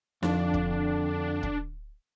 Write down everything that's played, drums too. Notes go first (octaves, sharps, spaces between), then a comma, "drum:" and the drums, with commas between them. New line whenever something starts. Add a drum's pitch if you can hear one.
F2 D3 D4, drum: snare D#4
drum: kick
drum: kick